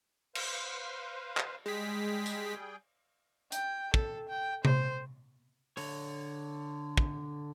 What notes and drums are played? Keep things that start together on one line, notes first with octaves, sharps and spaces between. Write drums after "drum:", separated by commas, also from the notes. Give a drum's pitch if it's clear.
B4 C5 F5, drum: cymbal
drum: clap
G3 G#3 G#4 G5 B6
drum: tambourine
G5, drum: hi-hat
A4, drum: kick
G5
C5, drum: tom C3
D3 C#5, drum: open hi-hat
drum: kick